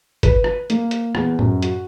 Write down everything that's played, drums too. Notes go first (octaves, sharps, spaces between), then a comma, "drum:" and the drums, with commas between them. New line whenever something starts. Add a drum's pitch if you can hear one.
B4, drum: kick, hi-hat
drum: rim click
A#3, drum: hi-hat
drum: hi-hat
E2, drum: rim click
F#2, drum: tom A2
F#4, drum: hi-hat